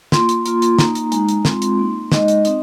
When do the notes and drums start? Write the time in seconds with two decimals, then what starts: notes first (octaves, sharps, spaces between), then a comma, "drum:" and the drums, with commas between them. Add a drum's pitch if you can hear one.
0.12 A#3 F4 C6, drum: snare
0.29 drum: hi-hat
0.46 A#3 F4, drum: hi-hat
0.62 drum: hi-hat
0.78 A#3 D#4 A#5, drum: snare
0.95 drum: hi-hat
1.12 G#3 D#4, drum: hi-hat
1.29 drum: hi-hat
1.45 G#3 C4 F4 C6, drum: snare
1.62 drum: hi-hat
1.79 A#3 D#4
2.12 G#3 D#4 D#5, drum: snare
2.28 drum: hi-hat
2.45 C4 D#4, drum: hi-hat